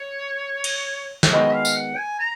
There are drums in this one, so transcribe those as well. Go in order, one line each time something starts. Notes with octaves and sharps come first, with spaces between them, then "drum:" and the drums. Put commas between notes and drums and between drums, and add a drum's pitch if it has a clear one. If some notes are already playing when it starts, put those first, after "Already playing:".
Already playing: C#5
drum: cymbal
drum: snare
D#3 G#3 B3 F#4 D#5
F5
drum: tambourine
F#5
G#5
A#5